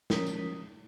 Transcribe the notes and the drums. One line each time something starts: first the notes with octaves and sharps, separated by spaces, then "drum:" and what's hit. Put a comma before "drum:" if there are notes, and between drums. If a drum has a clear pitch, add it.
F3 C#4 A#4 D#6 B6, drum: snare
drum: tambourine